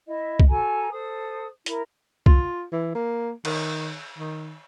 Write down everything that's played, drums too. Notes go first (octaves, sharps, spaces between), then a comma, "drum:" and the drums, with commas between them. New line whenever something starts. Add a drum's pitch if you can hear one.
E4 D#5 E5
drum: kick
F#4 A4 G#5 A#5
A4 C5 D#6
E4 A#4, drum: hi-hat
F4, drum: kick
E3
A#3
D#3, drum: cymbal
D#3